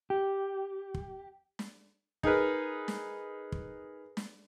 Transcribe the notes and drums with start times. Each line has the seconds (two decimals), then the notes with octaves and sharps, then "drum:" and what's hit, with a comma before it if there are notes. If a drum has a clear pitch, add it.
0.10 G4
0.94 drum: kick
1.59 drum: snare
2.23 D#4 G#4 A#4 B4, drum: kick
2.88 drum: snare
3.52 drum: kick
4.17 drum: snare